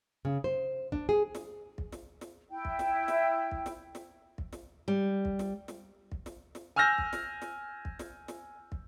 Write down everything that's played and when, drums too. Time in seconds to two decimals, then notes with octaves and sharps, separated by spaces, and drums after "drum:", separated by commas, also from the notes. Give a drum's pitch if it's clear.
0.25 C#3
0.44 C5
0.92 D4, drum: kick
1.09 G#4
1.35 drum: snare
1.78 drum: kick
1.92 drum: snare
2.21 drum: snare
2.50 E4 G5
2.65 drum: kick
2.79 drum: snare
3.08 drum: snare
3.51 drum: kick
3.66 drum: snare
3.95 drum: snare
4.38 drum: kick
4.53 drum: snare
4.88 G3
5.25 drum: kick
5.39 drum: snare
5.68 drum: snare
6.12 drum: kick
6.26 drum: snare
6.55 drum: snare
6.76 G#5 E6 F6 G6 A#6
6.98 drum: kick
7.13 drum: snare
7.42 drum: snare
7.85 drum: kick
7.99 drum: snare
8.28 drum: snare
8.72 drum: kick